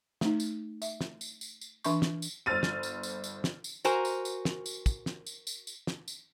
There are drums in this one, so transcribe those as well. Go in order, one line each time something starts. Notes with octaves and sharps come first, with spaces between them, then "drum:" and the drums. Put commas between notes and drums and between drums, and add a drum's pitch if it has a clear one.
A3 D#4, drum: snare
drum: tambourine
E5, drum: tambourine
drum: snare
drum: tambourine
drum: tambourine
drum: tambourine
E3 D4 E5 C6 C#6, drum: tambourine
drum: snare
drum: tambourine
G1 C5 E6 F6 A6 D#7
drum: snare
drum: tambourine
drum: tambourine
drum: tambourine
drum: snare
drum: tambourine
F#4 A#4 C5 G#5 A#5, drum: tambourine
drum: tambourine
drum: tambourine
drum: snare
drum: tambourine
drum: kick, tambourine
drum: snare
drum: tambourine
drum: tambourine
drum: tambourine
drum: snare
drum: tambourine